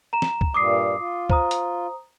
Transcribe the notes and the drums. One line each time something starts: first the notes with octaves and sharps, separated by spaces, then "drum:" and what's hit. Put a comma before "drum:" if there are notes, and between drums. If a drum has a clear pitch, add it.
A#5 E7
drum: snare
drum: kick
G2 A#2 G3 D6 D#6 C7
F4
C5 A#5 D#6, drum: kick
drum: hi-hat